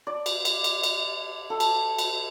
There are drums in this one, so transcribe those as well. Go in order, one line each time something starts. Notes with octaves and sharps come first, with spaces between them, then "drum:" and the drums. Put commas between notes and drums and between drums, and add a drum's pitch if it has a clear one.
D5
drum: cymbal
drum: cymbal
drum: cymbal
drum: cymbal
A4
drum: cymbal
drum: cymbal